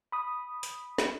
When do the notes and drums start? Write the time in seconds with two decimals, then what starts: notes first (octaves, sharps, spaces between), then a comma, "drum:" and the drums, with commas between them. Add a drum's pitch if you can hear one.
0.12 B5 D#6
0.63 drum: hi-hat
0.98 drum: snare